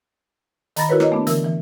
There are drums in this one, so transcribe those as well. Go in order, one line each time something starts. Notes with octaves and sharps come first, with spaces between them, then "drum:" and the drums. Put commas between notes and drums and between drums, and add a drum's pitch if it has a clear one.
D#3 A#5 B5 A6 A#6, drum: hi-hat
E4 F#4 A#4 B4 C#5
A#3 C#5 D#5, drum: rim click
A3 B3 D4
D3 E3 A#4 E6, drum: hi-hat
E3